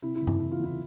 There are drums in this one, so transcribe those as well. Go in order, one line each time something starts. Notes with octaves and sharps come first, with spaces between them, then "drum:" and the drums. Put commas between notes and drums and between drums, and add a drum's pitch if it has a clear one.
C3 E4
E4
F#1
E4, drum: tom G2
E3 E4
F4
E2 E4